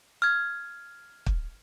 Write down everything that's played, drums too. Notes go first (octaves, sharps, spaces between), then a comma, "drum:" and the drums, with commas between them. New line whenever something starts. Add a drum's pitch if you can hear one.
F6 G#6
drum: kick